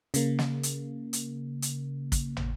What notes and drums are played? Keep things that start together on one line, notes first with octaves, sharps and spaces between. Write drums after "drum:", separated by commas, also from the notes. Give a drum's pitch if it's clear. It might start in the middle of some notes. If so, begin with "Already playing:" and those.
C#3 A#3, drum: hi-hat
drum: snare
drum: hi-hat
drum: hi-hat
drum: hi-hat
drum: kick, hi-hat
drum: tom